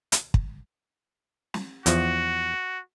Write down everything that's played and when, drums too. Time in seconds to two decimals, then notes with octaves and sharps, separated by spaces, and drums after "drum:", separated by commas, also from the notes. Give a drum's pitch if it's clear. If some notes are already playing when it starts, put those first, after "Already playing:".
0.12 drum: hi-hat
0.34 drum: kick
1.54 drum: snare
1.86 E2 F3 F#4, drum: hi-hat